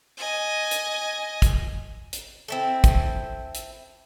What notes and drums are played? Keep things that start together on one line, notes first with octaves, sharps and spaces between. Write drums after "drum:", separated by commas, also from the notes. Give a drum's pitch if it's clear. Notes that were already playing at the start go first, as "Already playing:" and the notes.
D#5 G#5
drum: hi-hat
drum: kick, hi-hat
drum: hi-hat
C4 E4 A4
drum: kick, hi-hat
drum: hi-hat